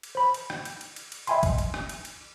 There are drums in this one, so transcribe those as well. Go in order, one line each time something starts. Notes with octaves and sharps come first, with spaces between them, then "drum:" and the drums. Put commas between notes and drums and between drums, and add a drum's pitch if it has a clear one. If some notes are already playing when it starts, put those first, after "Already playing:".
drum: cymbal
C5 B5
drum: cymbal
drum: rim click
drum: cymbal
drum: cymbal
drum: cymbal
drum: cymbal
D#5 E5 G5 G#5 B5 C6, drum: cymbal
drum: kick, cymbal
drum: cymbal
drum: rim click
drum: cymbal
drum: cymbal